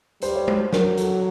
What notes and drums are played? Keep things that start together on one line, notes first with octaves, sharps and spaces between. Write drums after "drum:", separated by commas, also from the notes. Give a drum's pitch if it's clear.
G3 C5, drum: hi-hat
C#5
C5, drum: tom G#3
F#3 A#4, drum: snare
A4, drum: hi-hat